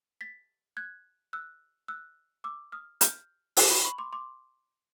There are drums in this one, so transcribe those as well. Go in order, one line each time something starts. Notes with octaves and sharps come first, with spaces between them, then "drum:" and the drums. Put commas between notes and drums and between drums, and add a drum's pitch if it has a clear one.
A6 B6
F#6 G#6
E6 F#6
E6 F#6
D6 E6
D#6 F6
F6 G6, drum: hi-hat
E6 F#6, drum: open hi-hat
B5 C#6
B5 C#6
C6 D6
C6 D6